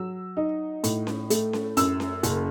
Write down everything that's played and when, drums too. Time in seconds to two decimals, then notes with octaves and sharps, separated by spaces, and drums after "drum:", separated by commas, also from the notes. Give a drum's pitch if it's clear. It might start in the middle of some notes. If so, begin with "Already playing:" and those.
Already playing: F#3 E6
0.37 D#4
0.84 A2, drum: hi-hat
1.07 drum: snare C#4
1.30 A3, drum: hi-hat
1.53 drum: snare C#4
1.77 F#2 E6, drum: hi-hat
2.00 drum: snare C#4
2.23 F#1, drum: hi-hat